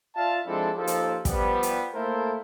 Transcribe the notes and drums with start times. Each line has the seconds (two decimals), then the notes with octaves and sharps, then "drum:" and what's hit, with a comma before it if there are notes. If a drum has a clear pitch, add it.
0.16 F4 D5 E5 F5 A5
0.46 F3 G#3 C4 D4 E4 A4
0.77 D#2 F3 A4
0.87 drum: hi-hat
1.25 F3 G3 B3, drum: kick, hi-hat
1.63 drum: hi-hat
1.95 A3 A#3 E4 A4 A#4 C5